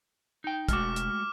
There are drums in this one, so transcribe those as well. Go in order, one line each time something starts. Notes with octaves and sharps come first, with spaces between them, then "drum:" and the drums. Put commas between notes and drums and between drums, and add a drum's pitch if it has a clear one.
D#4 G5
E1 G#3 A3 F#4 D6 F6, drum: kick, hi-hat
drum: hi-hat